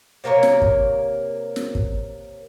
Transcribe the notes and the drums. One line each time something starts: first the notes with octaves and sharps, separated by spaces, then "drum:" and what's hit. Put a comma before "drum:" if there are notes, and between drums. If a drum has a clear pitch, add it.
C3 A#3 A#4 C#5
drum: snare
drum: kick
drum: snare
drum: kick